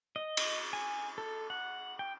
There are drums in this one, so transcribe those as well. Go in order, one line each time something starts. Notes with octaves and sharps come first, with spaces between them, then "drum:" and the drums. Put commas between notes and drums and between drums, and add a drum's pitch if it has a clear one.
D#5
drum: cymbal
G#5
A4
F#5
G5